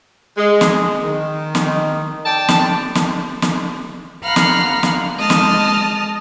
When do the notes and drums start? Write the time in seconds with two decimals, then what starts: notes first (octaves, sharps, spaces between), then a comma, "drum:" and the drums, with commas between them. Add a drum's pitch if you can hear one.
0.37 G#3
0.61 drum: snare
1.02 D#3
1.55 drum: snare
2.25 D5 G5 A5
2.48 drum: snare
2.95 drum: snare
3.42 drum: snare
4.23 F5 F#5 A#5 B5 F6 F#6
4.36 drum: snare
4.83 drum: snare
5.17 G#3 D#5 A5 F6
5.30 drum: snare